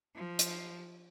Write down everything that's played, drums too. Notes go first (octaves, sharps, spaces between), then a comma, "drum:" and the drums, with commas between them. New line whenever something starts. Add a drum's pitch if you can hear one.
F3
drum: hi-hat